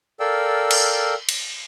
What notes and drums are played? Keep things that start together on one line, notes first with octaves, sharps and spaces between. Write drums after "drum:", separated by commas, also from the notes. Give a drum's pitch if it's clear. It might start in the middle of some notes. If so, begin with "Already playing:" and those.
A4 A#4 D5 F5 G5 E6
drum: cymbal
drum: cymbal